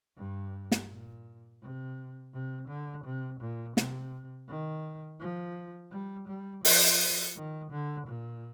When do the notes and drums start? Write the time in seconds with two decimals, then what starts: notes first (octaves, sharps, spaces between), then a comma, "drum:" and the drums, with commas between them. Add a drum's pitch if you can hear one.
0.17 G2
0.72 drum: snare
0.89 A#2
1.61 C3
2.34 C3
2.69 D3
3.05 C3
3.41 A#2
3.77 C3, drum: snare
4.49 D#3
5.20 F3
5.92 G3
6.28 G3
6.65 F3, drum: open hi-hat
7.36 D#3
7.72 D3
8.08 A#2